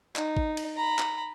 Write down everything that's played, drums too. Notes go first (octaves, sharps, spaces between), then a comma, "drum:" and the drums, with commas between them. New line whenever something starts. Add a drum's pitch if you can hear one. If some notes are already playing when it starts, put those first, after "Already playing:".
D#4, drum: clap
drum: kick
drum: cymbal
A#5 B5
drum: clap